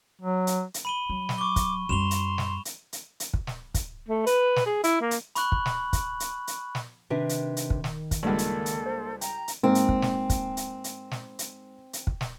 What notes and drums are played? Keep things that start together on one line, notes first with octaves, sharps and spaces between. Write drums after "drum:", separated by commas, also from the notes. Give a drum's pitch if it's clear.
F#3
drum: hi-hat
drum: hi-hat
B5 D#7 G7
F#3
drum: snare
C#6 D6 G7
drum: kick, hi-hat
F#2 G3 C6 E7 F7 G7
drum: hi-hat
drum: snare
drum: hi-hat
drum: hi-hat
drum: hi-hat
drum: kick
drum: snare
drum: kick, hi-hat
A3
B4, drum: hi-hat
drum: snare
G#4
E4, drum: hi-hat
A#3
drum: hi-hat
B5 C#6 F#6 F#7, drum: hi-hat
drum: kick
drum: snare
drum: kick, hi-hat
drum: hi-hat
drum: hi-hat
drum: snare
C3 D#3 D4 B4
drum: hi-hat
drum: hi-hat
drum: kick
drum: snare
drum: kick, hi-hat
C#2 G2 A#3 A4
drum: hi-hat
drum: hi-hat
C5
G5 A#5, drum: hi-hat
drum: hi-hat
G#2 A#3 C4
drum: hi-hat
drum: kick
drum: snare
drum: kick, hi-hat
drum: hi-hat
drum: hi-hat
drum: snare
drum: hi-hat
drum: hi-hat
drum: kick
drum: snare